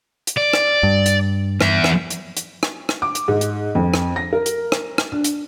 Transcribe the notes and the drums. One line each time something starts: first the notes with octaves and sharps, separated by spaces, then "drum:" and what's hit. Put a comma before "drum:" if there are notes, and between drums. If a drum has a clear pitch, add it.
drum: hi-hat
D5
drum: rim click
G2
drum: hi-hat
E2 E5, drum: rim click
drum: rim click
drum: hi-hat
drum: hi-hat
drum: rim click
drum: rim click
D6
drum: hi-hat
G#2
drum: hi-hat
F2
drum: rim click
A#6
A#4
drum: hi-hat
drum: rim click
drum: rim click
D4
drum: hi-hat